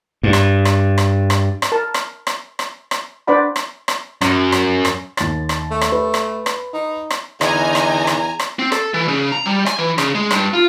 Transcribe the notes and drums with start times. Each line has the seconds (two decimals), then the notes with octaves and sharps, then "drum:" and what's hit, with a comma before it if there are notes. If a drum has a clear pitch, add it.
0.23 G2
0.33 drum: rim click
0.65 drum: rim click
0.98 drum: rim click
1.30 drum: rim click
1.62 drum: rim click
1.72 A#4 A5
1.94 drum: rim click
2.27 drum: rim click
2.59 drum: rim click
2.91 drum: rim click
3.27 D4 B4 C5 D5 F#5 B5
3.56 drum: rim click
3.88 drum: rim click
4.21 F#2, drum: rim click
4.52 drum: rim click
4.85 drum: rim click
5.17 D#2 A6, drum: rim click
5.49 drum: rim click
5.71 A3
5.81 drum: rim click
5.92 B4
6.14 drum: rim click
6.46 drum: rim click
6.73 D#4
7.10 drum: rim click
7.41 E2 D3 D#4 D#5 G#5 A#5, drum: rim click
7.75 drum: rim click
8.07 drum: rim click
8.39 drum: rim click
8.59 C4
8.72 A4, drum: rim click
8.94 E3
9.08 C#3
9.32 A#5
9.46 G3
9.66 G#5, drum: rim click
9.79 E3
9.98 C#3, drum: rim click
10.15 G#3
10.31 G2, drum: rim click
10.54 F4